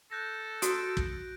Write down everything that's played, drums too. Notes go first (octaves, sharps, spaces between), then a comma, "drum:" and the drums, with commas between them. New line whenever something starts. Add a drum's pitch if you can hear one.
A4 F#6 G6 A#6
F#4 D#6 D7, drum: hi-hat
drum: kick